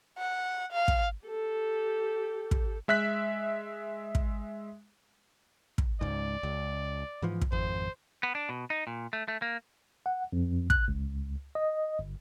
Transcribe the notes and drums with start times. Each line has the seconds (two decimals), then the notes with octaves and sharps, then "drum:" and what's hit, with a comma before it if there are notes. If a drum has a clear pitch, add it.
0.18 F#5
0.73 F5
0.88 drum: kick
1.26 G4 A4
2.51 drum: kick
2.88 G#3 E5 F#6 B6
4.15 drum: kick
5.78 drum: kick
6.01 C#2 G#2 D5
6.43 C#2
7.22 G#2 E3 F3
7.41 drum: kick
7.52 G#1 F2 C5
8.23 B3
8.35 D4
8.49 B2
8.70 D#4
8.87 A#2
9.13 A3
9.28 A3
9.42 A#3
10.06 F#5
10.33 F2
10.70 F#6, drum: kick
10.88 C#2
11.55 D#5
11.99 G1